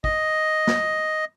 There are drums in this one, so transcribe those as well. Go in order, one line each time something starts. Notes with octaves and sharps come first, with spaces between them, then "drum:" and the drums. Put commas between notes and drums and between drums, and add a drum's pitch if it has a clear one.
D#5, drum: kick
drum: snare